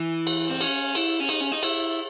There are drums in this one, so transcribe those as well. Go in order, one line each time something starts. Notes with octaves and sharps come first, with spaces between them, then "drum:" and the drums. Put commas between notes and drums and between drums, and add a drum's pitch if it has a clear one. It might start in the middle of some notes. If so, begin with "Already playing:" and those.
Already playing: E3
drum: cymbal
C4
C#4, drum: cymbal
E4, drum: cymbal
C#4
D#4, drum: cymbal
C#4
D#4
E4, drum: cymbal